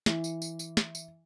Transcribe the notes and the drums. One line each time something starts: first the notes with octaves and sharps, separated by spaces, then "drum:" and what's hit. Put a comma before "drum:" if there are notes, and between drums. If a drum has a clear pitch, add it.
E3, drum: snare
drum: tambourine
drum: tambourine
drum: tambourine
drum: snare
drum: tambourine